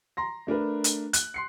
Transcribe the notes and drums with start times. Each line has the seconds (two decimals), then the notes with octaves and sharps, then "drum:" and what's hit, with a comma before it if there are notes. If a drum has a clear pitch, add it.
0.17 A#5 C6 A#6
0.47 A3 D4 A#4 B4
0.84 drum: hi-hat
1.13 F#6, drum: hi-hat
1.34 C6 C7 C#7